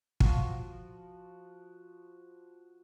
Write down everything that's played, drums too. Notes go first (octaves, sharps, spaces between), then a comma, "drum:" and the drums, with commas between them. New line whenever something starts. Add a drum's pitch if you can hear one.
F3 F#4, drum: kick